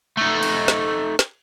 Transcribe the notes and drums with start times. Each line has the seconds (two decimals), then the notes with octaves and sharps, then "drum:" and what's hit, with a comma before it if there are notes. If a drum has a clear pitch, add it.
0.17 A3 D#4
0.43 drum: cymbal
0.68 drum: snare
1.19 drum: snare